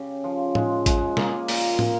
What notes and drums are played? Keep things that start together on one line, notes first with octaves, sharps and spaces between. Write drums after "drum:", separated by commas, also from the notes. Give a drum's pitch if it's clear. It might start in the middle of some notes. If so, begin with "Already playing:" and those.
Already playing: C#3 G4
F3
G#3, drum: tom
G#3, drum: kick A1, hi-hat
A#3 G#4, drum: snare
A#2, drum: open hi-hat
A#2, drum: tom